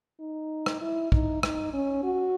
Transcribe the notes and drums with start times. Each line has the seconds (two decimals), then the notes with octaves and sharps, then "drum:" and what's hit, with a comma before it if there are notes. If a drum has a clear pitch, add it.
0.20 D#4
0.66 drum: rim click
0.81 E4
1.12 D#4, drum: kick
1.43 D#4, drum: rim click
1.74 C#4
2.04 F#4